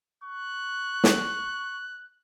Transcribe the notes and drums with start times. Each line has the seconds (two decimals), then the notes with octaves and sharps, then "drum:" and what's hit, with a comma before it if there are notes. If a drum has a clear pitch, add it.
0.23 C#6 F#6
1.04 drum: snare